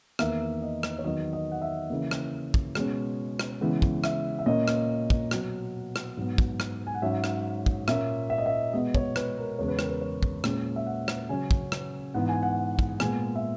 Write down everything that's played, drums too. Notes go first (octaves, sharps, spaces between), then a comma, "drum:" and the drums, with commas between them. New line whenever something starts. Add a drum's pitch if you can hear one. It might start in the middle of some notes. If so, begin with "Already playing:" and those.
E2 D#3 A#3 E5, drum: rim click
D#5
drum: rim click
C#5
E2 D#3 F#3 D#5
D#5
F#5
E5
C#3 E3 A#3
drum: rim click
drum: kick
B2 G#3 C#4, drum: rim click
drum: rim click
C#3 E3 G#3 B3
drum: kick
E5, drum: rim click
E5
A#2 A#3 C#4 D#5
drum: rim click
drum: kick
B2 F#3 B3, drum: rim click
drum: rim click
G#2 F#3 B3
drum: kick
drum: rim click
G#5
F#5
G#2 F#3 C#4 E5
drum: rim click
drum: kick
A#2 A#3 C#4 E5, drum: rim click
E5
D#5
E5
B2 G#3 B3 D#5
C#5, drum: kick
B4, drum: rim click
A#4
E2 C#3 G#3 C#5
B4
A#4, drum: rim click
B4
C#5
drum: kick
A#2 G#3 C#4, drum: rim click
E5
F#5
drum: rim click
C#3 F#3 C#4 G#5
drum: kick
drum: rim click
G#2 E3 B3 F#5
G#5
F#5
drum: kick
A#2 G#3 B3 G#5, drum: rim click
E5